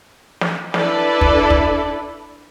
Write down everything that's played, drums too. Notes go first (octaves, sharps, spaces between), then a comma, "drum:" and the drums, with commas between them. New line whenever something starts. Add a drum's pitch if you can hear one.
drum: snare
D4 E4 A4 B4 D5, drum: snare
drum: kick
drum: kick